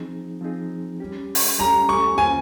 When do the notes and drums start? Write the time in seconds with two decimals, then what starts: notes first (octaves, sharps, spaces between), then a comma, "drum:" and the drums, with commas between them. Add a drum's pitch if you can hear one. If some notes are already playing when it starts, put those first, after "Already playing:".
Already playing: F3 C4 D#4 G#4
0.41 F3 C4 D#4 G#4
1.00 G3 C#4 G4
1.35 drum: open hi-hat
1.59 G3 C#4 G4 A#5
1.89 C#6
2.17 D#3 A#3 C#4 F4 C5 G#5